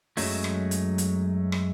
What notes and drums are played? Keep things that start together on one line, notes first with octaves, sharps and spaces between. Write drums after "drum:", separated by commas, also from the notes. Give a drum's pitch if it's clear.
F#2 F#3 G#3 A3, drum: open hi-hat
drum: rim click
drum: hi-hat
drum: hi-hat
drum: rim click